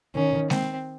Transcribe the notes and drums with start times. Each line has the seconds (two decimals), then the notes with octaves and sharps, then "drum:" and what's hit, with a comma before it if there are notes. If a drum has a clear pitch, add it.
0.15 D#3 C#4
0.50 C4, drum: snare G#3